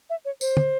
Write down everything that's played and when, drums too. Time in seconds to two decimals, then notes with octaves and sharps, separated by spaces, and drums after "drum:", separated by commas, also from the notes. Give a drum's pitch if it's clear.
0.10 E5
0.25 C#5
0.41 C5, drum: tambourine
0.57 drum: tom